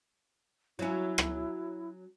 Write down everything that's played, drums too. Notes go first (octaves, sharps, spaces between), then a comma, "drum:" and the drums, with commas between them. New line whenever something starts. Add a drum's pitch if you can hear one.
F#3 C#4 E4
drum: rim click